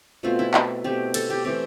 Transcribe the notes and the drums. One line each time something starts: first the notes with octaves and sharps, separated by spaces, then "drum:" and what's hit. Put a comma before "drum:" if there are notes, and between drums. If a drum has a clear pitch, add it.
B2 A3 C4 F4
E4
E4, drum: clap
B2 A3 C4 G4
A4, drum: cymbal
G4
E3 A3 C4 G4